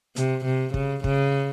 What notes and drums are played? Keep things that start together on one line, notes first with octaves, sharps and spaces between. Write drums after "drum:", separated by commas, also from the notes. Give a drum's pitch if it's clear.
C3, drum: hi-hat
C3
C#3, drum: kick
C#3, drum: kick